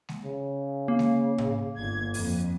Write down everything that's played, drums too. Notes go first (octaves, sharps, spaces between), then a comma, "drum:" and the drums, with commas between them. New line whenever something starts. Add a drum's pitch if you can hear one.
drum: snare G#3
C#3
A#3
drum: snare G#3
drum: tom A2
G1 G#6
F2, drum: open hi-hat